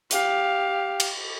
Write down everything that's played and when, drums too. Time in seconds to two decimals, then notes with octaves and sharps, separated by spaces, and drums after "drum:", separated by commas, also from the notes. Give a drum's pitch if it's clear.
0.11 G4 F5, drum: hi-hat
1.00 drum: cymbal